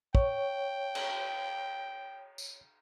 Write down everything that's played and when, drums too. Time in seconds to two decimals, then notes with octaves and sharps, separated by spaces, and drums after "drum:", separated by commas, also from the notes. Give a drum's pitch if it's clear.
0.15 C#5 G5, drum: kick
0.95 drum: cymbal
2.38 drum: tambourine